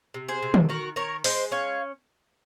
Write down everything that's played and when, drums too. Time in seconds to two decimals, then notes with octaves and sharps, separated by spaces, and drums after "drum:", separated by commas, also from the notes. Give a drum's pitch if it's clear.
0.14 C3
0.28 G#4 C5
0.42 C3
0.54 drum: tom
0.69 D#3 F#4 A#4
0.96 D#3 A#4 C#5
1.24 G#3 C5 D#5, drum: open hi-hat
1.51 C#4 C#5 F5